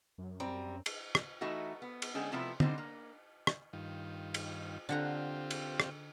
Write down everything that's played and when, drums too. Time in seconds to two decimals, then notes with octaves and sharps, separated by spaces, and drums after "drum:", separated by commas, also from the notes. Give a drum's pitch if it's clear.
0.18 F#2
0.40 G3 C4 A#5
0.86 drum: cymbal
1.15 drum: rim click
1.41 E3 A3 D#4 E4 F#4
1.82 B3
2.02 drum: cymbal
2.14 D3 G#3 C#4 G#4 G5
2.32 C3 F3 A3 B3 E4
2.60 D3 G3 C4 D#4 C5, drum: tom
2.78 A#3
3.47 drum: rim click
3.73 G2 D#3 F4
4.34 drum: cymbal
4.89 D3 C4 F4 G4 F#5 A#5
5.51 drum: cymbal
5.80 drum: rim click